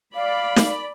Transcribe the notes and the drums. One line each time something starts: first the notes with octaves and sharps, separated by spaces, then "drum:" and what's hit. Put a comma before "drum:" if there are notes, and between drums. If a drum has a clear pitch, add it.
D5 F5 B5
drum: snare